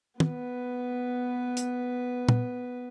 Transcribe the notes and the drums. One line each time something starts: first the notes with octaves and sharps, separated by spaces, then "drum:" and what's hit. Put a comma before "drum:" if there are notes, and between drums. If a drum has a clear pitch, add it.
B3 B4, drum: tom
drum: hi-hat
drum: tom